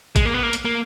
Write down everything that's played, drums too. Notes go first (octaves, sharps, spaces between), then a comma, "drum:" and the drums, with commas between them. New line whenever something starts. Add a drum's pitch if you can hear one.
G#3, drum: kick A1, hi-hat
A#3
B3
A#3
drum: hi-hat
A#3